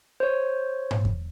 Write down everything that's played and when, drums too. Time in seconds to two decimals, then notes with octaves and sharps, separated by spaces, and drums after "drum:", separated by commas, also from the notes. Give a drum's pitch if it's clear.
0.20 C5 C#5
0.91 drum: tom G#2
1.05 drum: kick E2